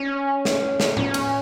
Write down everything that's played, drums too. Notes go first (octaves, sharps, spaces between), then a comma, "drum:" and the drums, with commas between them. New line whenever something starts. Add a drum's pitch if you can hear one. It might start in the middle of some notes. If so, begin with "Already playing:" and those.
Already playing: C#4
drum: snare
drum: snare
C#4, drum: tom A2
drum: cymbal